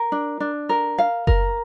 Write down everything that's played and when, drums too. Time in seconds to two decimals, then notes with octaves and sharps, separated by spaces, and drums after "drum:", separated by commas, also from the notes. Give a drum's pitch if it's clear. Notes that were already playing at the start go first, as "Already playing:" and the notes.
Already playing: A#4
0.12 D4
0.40 D4
0.69 A#4
0.98 F5
1.27 A#4, drum: kick F#1